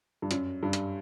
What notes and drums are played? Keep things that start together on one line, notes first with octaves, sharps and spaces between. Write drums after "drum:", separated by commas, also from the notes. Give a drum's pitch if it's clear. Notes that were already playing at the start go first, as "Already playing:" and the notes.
G2
F#2, drum: hi-hat
G2
drum: hi-hat